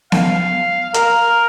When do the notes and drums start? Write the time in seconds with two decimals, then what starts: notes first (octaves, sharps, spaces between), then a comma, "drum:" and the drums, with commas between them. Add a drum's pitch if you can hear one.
0.12 F5, drum: snare B3
0.94 A#4, drum: hi-hat